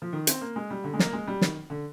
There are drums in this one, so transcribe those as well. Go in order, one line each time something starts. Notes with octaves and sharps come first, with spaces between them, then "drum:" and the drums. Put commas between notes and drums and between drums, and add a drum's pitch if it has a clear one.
F3
D#3
C4, drum: hi-hat
A#3
G#3
G3
D3
G#3
A#3, drum: snare
G#3
G3
D#3, drum: snare
D3